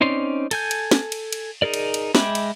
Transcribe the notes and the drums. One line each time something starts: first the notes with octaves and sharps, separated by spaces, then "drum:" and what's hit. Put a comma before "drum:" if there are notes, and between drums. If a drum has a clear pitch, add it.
C4 C#4 D#4 D5 C6
A4 G#5 G6, drum: cymbal
drum: cymbal
drum: snare
drum: cymbal
drum: cymbal
D#4 G#4 A#4 D5
drum: cymbal
drum: cymbal
G#3 E5 G5 B5 D6, drum: snare
drum: cymbal